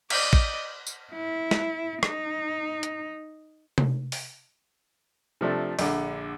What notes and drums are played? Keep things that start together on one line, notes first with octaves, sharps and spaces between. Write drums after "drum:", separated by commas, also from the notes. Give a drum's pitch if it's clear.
D5 D#5, drum: cymbal
drum: kick
drum: tambourine
E4
drum: snare
D#4, drum: rim click
drum: hi-hat
drum: tom C3
drum: open hi-hat
C3 F3 A3 D4
A#1 D3, drum: open hi-hat